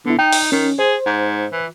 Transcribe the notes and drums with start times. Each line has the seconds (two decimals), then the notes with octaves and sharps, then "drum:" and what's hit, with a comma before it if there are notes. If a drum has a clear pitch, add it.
0.06 D3 B3 E4
0.19 D#4 G5
0.33 drum: open hi-hat
0.52 D#3 C#4
0.79 G#4 C5
1.06 G#2
1.52 E3